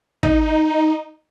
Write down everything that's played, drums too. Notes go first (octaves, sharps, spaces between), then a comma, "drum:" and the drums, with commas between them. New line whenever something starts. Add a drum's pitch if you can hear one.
D#4, drum: kick